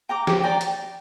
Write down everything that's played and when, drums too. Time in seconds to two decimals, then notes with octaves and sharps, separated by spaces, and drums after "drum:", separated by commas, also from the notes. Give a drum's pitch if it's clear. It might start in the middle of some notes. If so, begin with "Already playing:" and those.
0.09 G5 A#5 D6
0.27 G4, drum: snare
0.43 D5 G5 A#5
0.61 drum: hi-hat